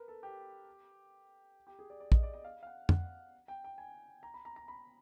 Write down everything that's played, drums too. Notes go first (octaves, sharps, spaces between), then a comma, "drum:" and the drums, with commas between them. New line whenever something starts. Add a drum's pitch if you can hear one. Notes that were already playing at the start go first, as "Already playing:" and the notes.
Already playing: A#4 B4
A4
G4
G4
G#4
D5
D5
D#5, drum: kick
D5
D#5
F5
F5
F#5
F#5, drum: tom F2
G5
G5
G#5
A#5
B5
A#5
A#5
B5